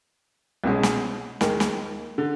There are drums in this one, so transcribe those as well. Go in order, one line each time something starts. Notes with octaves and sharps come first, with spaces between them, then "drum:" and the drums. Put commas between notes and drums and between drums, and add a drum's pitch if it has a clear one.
C2 B2 G#3 C#4
drum: snare
D#2 D#3 G#3, drum: snare
drum: snare
D3